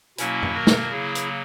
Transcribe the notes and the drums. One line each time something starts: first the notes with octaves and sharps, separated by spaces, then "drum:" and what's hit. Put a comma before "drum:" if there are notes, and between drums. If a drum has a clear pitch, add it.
B2 F#3 A#3 C#4 E4, drum: hi-hat
drum: tom F#2
F#4 A#4
drum: snare
C#3 F#3 A#3 E4 G#4
drum: hi-hat